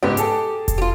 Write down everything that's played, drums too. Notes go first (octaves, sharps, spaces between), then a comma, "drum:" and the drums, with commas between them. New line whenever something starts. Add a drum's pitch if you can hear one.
C#2 G#2 B3 G4
G#4 A4 A5, drum: hi-hat
drum: kick F1, hi-hat
F4 G4